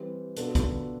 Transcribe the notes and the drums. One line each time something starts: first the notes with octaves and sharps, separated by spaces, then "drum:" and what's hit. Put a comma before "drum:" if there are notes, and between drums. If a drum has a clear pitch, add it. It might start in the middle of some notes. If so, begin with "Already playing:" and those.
Already playing: E3 G3 C4
B2 B3 D4 F4 A4, drum: hi-hat
drum: kick, hi-hat